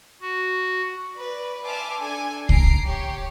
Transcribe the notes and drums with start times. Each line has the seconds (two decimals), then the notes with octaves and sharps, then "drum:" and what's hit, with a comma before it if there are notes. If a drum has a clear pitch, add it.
0.22 F#4
1.16 B4 D5
1.67 E5 G#5 A5 C6 D6 F6
2.00 D4 A4 G#5
2.49 A#5 C7 D7, drum: kick C2
2.87 G4 C#5